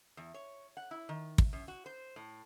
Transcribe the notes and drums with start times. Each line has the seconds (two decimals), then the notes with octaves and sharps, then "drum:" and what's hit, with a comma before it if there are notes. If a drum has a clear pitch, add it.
0.17 E2
0.34 C#5
0.77 F#5
0.91 E4
1.09 D#3
1.38 drum: kick
1.53 F#2
1.68 F#4
1.86 C5
2.16 A2